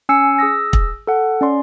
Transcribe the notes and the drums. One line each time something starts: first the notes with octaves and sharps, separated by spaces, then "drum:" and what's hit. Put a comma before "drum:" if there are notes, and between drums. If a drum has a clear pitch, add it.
C#4 G#5 E6 C7 C#7
G#4 D#6 E6 A#6
drum: kick
A4 F#5
C#4 D5 C6